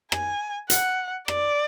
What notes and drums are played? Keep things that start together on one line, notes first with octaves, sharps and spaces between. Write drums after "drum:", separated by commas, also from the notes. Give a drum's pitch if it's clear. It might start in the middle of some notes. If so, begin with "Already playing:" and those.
G#5, drum: rim click
F#5, drum: hi-hat
D5, drum: rim click